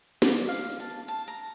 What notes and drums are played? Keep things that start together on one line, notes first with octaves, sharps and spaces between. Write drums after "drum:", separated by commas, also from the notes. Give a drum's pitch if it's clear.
D5, drum: snare
F5
A5
A5
A#5